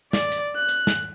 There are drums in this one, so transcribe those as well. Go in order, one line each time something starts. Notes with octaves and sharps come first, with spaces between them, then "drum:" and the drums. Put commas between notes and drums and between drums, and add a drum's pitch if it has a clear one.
D5, drum: snare
drum: hi-hat
F#6
drum: hi-hat
drum: snare